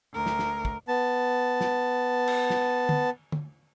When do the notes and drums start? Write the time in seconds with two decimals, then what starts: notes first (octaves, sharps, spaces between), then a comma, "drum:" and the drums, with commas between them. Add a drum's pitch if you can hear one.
0.13 D2 A#4
0.26 drum: snare
0.39 drum: snare
0.65 drum: kick
0.88 B3 A5
1.61 drum: snare
2.27 drum: cymbal
2.50 drum: snare
2.89 drum: tom D3
3.32 drum: tom D3